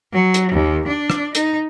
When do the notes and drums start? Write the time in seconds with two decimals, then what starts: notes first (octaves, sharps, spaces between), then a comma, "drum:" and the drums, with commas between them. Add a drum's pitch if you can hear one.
0.13 F#3
0.34 drum: hi-hat
0.52 D#2
0.88 D4
1.10 drum: rim click
1.35 D#4, drum: hi-hat